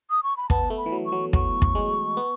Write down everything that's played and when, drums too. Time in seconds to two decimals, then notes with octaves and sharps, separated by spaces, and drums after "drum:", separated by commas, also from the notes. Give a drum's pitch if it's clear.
0.10 D#6
0.23 C#6
0.37 B5
0.50 B3 A5, drum: kick
0.70 A3
0.78 B5
0.86 E3
0.92 F#3
1.06 C#6
1.12 F#3
1.33 F#3 C#6, drum: kick
1.62 drum: kick
1.75 G#3
2.17 B3